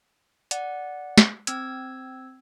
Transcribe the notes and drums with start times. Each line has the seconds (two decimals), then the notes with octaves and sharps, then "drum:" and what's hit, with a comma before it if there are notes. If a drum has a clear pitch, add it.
0.51 D5 F#5, drum: hi-hat
1.18 drum: snare
1.47 C4 E6 G#6, drum: hi-hat